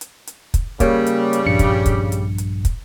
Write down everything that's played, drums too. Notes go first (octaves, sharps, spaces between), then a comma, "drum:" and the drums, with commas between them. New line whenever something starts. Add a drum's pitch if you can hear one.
drum: hi-hat
drum: hi-hat
drum: kick, hi-hat
C#3 G3 A#3 C#5, drum: kick, hi-hat
drum: hi-hat
drum: hi-hat
A#1 G2 C#7
drum: kick, hi-hat
drum: kick, hi-hat
drum: hi-hat
drum: hi-hat
drum: kick, hi-hat